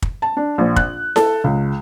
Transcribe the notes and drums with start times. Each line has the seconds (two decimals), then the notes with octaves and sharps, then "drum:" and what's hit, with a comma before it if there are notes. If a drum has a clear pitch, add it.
0.02 drum: kick
0.22 A5
0.37 D4
0.58 A#1
0.76 F#6, drum: kick
1.16 A4, drum: snare E4
1.44 C#2